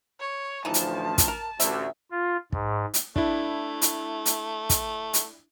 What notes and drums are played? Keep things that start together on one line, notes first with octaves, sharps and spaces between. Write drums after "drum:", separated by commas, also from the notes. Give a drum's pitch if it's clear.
C#5
A1 D2 E3 F3 D#4 A5
drum: hi-hat
drum: kick, hi-hat
A#4
A1 D2 E5, drum: hi-hat
F4
G#2, drum: kick
drum: hi-hat
A3 D4 E4, drum: kick
drum: hi-hat
drum: hi-hat
drum: kick, hi-hat
drum: hi-hat